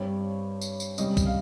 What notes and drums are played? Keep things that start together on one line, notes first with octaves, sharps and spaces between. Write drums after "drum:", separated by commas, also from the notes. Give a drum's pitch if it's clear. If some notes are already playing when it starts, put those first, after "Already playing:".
Already playing: G2 G3 C4 C#5
drum: tambourine
drum: tambourine
C3 G3 C#4 D#5, drum: tambourine
drum: kick, tambourine
F5